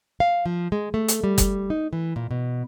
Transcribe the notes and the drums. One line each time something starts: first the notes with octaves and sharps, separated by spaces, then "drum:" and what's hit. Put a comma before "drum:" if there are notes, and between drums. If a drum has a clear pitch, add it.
F5
F3
G#3
A3
drum: hi-hat
G3
drum: kick F#1, hi-hat
D#4
E3
A#2
B2